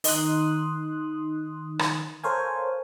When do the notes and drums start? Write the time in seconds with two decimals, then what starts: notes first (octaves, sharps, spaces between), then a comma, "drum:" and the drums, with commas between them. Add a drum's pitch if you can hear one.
0.04 D#3 D#4 C6 D#6 F#6, drum: open hi-hat
1.79 drum: rim click
2.24 A4 A#4 C5 C#5 F5 G#5